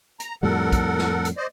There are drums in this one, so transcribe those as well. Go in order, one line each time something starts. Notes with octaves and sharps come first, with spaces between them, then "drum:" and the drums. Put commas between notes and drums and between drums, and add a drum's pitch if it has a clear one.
A#5, drum: hi-hat
F2 A2 G3 A4 A#4 F#5
drum: kick, hi-hat
drum: snare A#3
drum: hi-hat
C5 D5 D#5